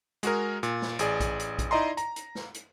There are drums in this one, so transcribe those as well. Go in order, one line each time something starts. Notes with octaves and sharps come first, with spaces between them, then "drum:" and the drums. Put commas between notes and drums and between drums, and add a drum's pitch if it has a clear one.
G#3 F#4 G#4 A#4, drum: hi-hat
A#2, drum: hi-hat
drum: snare
A1 G#4 D5, drum: hi-hat
drum: kick A#1, hi-hat
drum: hi-hat
drum: kick A#1, hi-hat
D#4 E4 D5 D#5 A#5 C6
A#5, drum: hi-hat
drum: hi-hat
drum: snare
drum: hi-hat